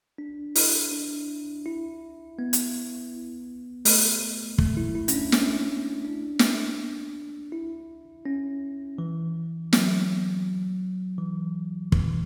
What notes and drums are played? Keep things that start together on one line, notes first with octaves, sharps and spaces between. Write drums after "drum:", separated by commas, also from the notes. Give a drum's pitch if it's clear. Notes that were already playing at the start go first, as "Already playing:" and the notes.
D4
E4, drum: open hi-hat
D4
E4
B3
drum: hi-hat
A3, drum: open hi-hat
A3, drum: kick
E4
E4
C#4, drum: hi-hat
D4
C#4, drum: snare
D4
drum: snare
E4
C#4
E3
F#3, drum: snare
E3
E3, drum: kick